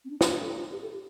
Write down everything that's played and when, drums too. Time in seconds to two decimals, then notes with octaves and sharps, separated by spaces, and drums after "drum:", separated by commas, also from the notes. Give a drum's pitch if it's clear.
0.05 C4
0.10 D4
0.21 D#4, drum: snare
0.31 F4
0.41 A4
0.56 F4
0.72 G4
0.82 A4
0.93 G4